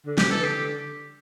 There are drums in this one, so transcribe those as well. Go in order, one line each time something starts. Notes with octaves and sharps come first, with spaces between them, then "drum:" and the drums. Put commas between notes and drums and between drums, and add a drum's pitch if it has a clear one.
D3
C3 G4, drum: snare
E3 A4
D3 G4